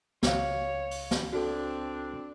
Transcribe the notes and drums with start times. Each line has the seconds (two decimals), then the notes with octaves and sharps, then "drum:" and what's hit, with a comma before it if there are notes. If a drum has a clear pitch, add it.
0.23 C#2 C#5 F5, drum: snare
0.91 drum: open hi-hat
1.11 drum: snare
1.33 C4 D4 F#4 A4